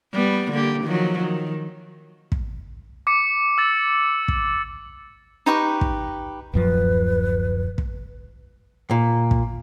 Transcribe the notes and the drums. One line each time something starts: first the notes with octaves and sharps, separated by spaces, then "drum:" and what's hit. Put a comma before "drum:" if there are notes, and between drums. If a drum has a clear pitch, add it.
G3 B3
D3 A#3 G4
D#3 F3 F#3
D#3
drum: kick
D6 C#7
E6 A6
drum: kick
D#4 G4 B4 C#6
drum: kick
D1 F#2 F3 B4
drum: kick
A#2
drum: kick